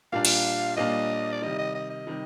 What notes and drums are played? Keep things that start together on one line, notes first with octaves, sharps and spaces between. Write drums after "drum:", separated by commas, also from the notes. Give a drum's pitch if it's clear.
A#2 G3 A#3 D4 F4 F5
drum: cymbal
A#2 G3 A#3 D4 F4 D#5
D5
C3 D#3 G3 D#5
D#5
D#5
D#5
C3 D#3 G3